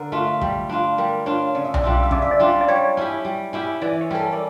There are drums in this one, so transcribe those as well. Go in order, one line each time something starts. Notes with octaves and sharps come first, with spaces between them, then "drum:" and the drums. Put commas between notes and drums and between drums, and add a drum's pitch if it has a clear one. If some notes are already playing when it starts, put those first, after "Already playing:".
Already playing: D3 A#4
A3 D4 F4
G3, drum: kick
D4 F4
G3 A#4
D4 F4 C#5
C#3 D5
E5
D5, drum: tom B1
G3 D4 F4 E5
D5
E5
C#3 D5, drum: kick
E5
D5
G3 D4 F4
D5
G3 C#5
C#4 E4 G4
G3
C#4 E4 G4
E3 D5
C#5
G3 C#4 A4
A#4
D5